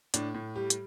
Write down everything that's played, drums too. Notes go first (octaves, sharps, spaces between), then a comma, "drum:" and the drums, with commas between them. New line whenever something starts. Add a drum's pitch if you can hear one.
A2 D4, drum: hi-hat
A2
G3 G4
drum: hi-hat